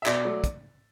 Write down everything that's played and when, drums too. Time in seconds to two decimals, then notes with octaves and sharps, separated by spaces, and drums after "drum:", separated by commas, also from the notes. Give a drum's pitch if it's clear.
0.02 E5
0.06 B2 D5, drum: clap
0.25 F#3 A3
0.44 drum: kick, hi-hat